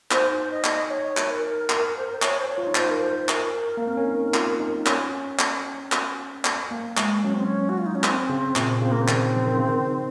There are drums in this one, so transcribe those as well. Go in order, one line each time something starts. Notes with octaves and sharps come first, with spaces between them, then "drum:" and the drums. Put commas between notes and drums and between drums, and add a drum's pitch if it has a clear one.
D#4 C5, drum: clap
D#5
drum: clap
C#5
drum: clap
A#4
A#4, drum: clap
C5
A#4
C5
C#5, drum: clap
C5
C#5
F4
D#4
F4 C5, drum: clap
A#4
C5
A#4, drum: clap
A#3
C4
C#4
D#4
F4, drum: clap
D#4
C#4, drum: clap
drum: clap
drum: clap
drum: clap
A#3
G#3, drum: clap
F#3 C#4
C4
C#4
F#4
F4
D#4
C#4
C4, drum: clap
C#3
A#2, drum: clap
C#3 C4
A#3
C4
D#3, drum: clap
F3
D#3
C#3
D#3